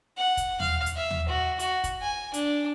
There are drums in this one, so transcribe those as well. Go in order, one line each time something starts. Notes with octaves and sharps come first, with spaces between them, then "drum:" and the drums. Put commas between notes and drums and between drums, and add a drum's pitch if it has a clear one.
F#5
drum: kick, hi-hat
F5, drum: tom D#2
drum: hi-hat
E5
drum: tom D#2
F#4
F#4, drum: hi-hat
drum: kick, hi-hat
G#5
D4, drum: hi-hat